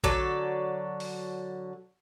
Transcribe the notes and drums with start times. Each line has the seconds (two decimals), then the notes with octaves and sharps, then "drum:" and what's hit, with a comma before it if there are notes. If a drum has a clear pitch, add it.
0.04 D3 F#3 A4 D5, drum: kick A#1
1.00 drum: open hi-hat